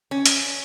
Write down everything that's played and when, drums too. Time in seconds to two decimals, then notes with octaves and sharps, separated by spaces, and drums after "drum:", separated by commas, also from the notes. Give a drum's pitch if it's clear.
0.11 C#4
0.26 drum: hi-hat